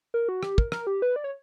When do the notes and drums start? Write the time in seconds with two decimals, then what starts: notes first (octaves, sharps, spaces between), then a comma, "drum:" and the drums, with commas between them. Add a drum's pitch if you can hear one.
0.14 A#4
0.29 F#4
0.43 G4, drum: rim click
0.58 A#4, drum: kick
0.72 A#4, drum: rim click
0.87 G4
1.02 B4
1.16 D5
1.24 C#5